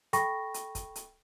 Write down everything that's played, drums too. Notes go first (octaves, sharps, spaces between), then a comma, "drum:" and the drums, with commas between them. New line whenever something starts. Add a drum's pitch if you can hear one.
A4 G5 B5 C#6 A#6, drum: hi-hat
drum: hi-hat
drum: kick, hi-hat
drum: hi-hat